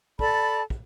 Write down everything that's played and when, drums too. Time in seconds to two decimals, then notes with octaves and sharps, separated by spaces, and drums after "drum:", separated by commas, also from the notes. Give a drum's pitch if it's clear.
0.19 A4 D5 A5 B5, drum: kick
0.70 drum: kick